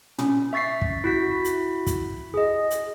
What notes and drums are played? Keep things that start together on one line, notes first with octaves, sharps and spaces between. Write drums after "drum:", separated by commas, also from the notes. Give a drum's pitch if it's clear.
C#4, drum: tom
E5 C#6 A6 B6 C7
drum: kick
E4 F#4 B6
drum: hi-hat
drum: kick, hi-hat
G#4 D#5
drum: hi-hat